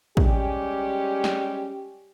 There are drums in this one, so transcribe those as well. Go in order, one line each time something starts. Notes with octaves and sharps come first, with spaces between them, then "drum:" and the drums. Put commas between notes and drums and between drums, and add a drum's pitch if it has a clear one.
G3 G#3 C#4 G4, drum: kick
drum: snare